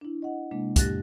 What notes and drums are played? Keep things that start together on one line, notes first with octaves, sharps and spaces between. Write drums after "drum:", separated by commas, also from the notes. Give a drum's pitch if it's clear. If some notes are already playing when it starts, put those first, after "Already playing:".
D4 E4
D#5 F#5
C3 G#3 A#3 D4
F2 G4 F#6 A6 A#6, drum: kick, hi-hat